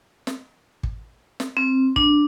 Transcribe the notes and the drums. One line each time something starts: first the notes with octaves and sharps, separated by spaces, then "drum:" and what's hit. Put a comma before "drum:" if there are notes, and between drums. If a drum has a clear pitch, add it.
drum: snare
drum: kick
drum: snare
C4
D4, drum: kick